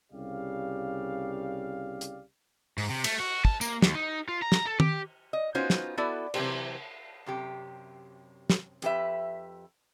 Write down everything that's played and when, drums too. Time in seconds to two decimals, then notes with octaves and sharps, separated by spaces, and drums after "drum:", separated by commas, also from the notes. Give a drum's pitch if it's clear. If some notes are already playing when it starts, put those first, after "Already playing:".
0.12 C2 C#3 G4 D5 F5
2.01 drum: hi-hat
2.78 G#2, drum: open hi-hat
2.90 C3
3.04 A3, drum: cymbal
3.20 F#4
3.45 A5, drum: kick
3.61 A#3, drum: tambourine
3.82 D#2, drum: snare
3.95 D#4
4.29 F4
4.42 A#5
4.52 drum: snare
4.66 A4
4.80 G4, drum: tom
5.33 D#5
5.55 B3 C#4 D#4 F4 F#4 C5
5.70 drum: snare
5.98 B3 E4 F#4 A4 D5
6.34 C3 E3 F#3 A#3 G4 C5, drum: cymbal
7.26 F#2 C3 G4
8.50 drum: snare
8.82 F2 G4 B4 E5, drum: hi-hat